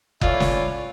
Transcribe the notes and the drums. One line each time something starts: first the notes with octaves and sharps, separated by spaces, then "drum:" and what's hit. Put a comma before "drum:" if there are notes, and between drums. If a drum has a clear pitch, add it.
E3 A3 E4 F4 C#5 D5, drum: kick F#1
drum: snare